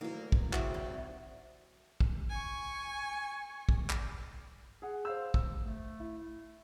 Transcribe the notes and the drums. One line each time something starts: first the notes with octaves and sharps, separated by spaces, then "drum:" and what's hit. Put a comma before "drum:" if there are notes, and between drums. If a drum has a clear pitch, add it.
D2 D#3 E3 F#3 A#3
drum: kick
C#3 C4 F#4 E5, drum: clap
G#1 G3
drum: kick
G#5 C#6
drum: kick
drum: clap
G#4 F#5
C5 F5 E6
E6, drum: kick
A3
E4